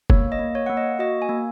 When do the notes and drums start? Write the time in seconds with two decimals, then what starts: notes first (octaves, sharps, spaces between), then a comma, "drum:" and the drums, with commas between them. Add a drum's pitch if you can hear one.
0.10 A#3 C#5, drum: kick F#1
0.32 D#5
0.39 A#3
0.55 C#5
0.66 A#3 F#5
0.77 D#5
0.99 F#4 D#5
1.22 G#5
1.29 A#3